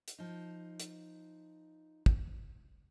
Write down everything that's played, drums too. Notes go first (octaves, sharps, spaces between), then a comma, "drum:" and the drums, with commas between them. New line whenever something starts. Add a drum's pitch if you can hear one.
drum: hi-hat
F3 D#4
drum: hi-hat
drum: kick